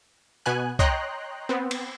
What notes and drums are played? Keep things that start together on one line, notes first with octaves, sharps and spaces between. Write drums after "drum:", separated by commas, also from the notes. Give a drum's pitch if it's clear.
B2 B3 G#5 F#6
C#5 D#5 G5 A#5 C6 F#6, drum: kick
B3 C4
drum: cymbal